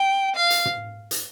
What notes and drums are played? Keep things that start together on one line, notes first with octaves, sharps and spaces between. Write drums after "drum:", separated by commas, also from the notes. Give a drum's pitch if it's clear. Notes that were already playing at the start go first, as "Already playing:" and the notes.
Already playing: G5
F5
drum: hi-hat
drum: tom
drum: hi-hat